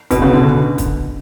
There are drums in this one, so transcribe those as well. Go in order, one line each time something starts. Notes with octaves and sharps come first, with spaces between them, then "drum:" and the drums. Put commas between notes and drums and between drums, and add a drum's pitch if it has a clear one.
B2, drum: kick, hi-hat
C#3
D3
drum: kick, hi-hat